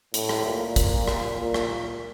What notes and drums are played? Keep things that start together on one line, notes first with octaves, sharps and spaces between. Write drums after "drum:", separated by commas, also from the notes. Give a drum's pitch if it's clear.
A2, drum: hi-hat
drum: rim click
A#2
drum: kick, hi-hat
drum: rim click
A#2
drum: rim click